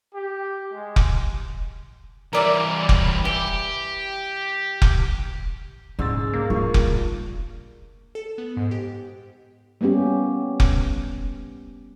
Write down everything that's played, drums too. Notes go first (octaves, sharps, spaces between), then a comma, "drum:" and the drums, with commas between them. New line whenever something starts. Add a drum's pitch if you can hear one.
G4
G#3
drum: kick F1
E3 G3 A#4 D5 E5
drum: kick F1
E3 G4
drum: kick F1
C2 G#2 C#3 E6 A6
A#3
G2 F4 C#6
drum: kick F1
A4
B3
G#2
G4
G3 A#3 B3 C#4 G4
drum: kick F1